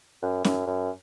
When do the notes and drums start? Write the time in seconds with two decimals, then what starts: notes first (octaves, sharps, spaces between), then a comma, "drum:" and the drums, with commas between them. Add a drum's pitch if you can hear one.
0.22 F#2
0.44 F#2, drum: snare C#4
0.67 F#2